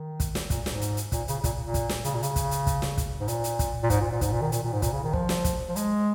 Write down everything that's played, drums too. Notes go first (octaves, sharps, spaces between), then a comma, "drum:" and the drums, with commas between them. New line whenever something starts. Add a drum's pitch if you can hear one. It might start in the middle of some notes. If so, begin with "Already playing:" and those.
Already playing: D#3
drum: kick, hi-hat
drum: snare
A#2, drum: kick, hi-hat
G#2, drum: snare
drum: hi-hat
drum: hi-hat
A#2, drum: kick, hi-hat
C#3, drum: hi-hat
A#2, drum: kick, hi-hat
A#2
drum: kick, hi-hat
drum: snare
C#3, drum: hi-hat
A#2
C#3, drum: hi-hat
drum: kick, hi-hat
drum: hi-hat
drum: kick, hi-hat
drum: snare
drum: kick, hi-hat
G#2
A#2, drum: hi-hat
drum: hi-hat
drum: kick, hi-hat
A#2
G#2, drum: kick, hi-hat
A#2
A#2
G#2, drum: kick, hi-hat
A#2
D#3
A#2, drum: hi-hat
A#2
G#2
A#2, drum: kick, hi-hat
C#3
D#3
F3, drum: kick
drum: snare
drum: kick, hi-hat
F3
G#3, drum: hi-hat